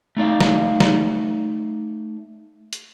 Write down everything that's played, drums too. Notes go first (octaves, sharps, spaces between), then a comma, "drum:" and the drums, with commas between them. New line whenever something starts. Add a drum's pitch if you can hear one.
A3 D#4 D5 F5
drum: snare
drum: snare
drum: hi-hat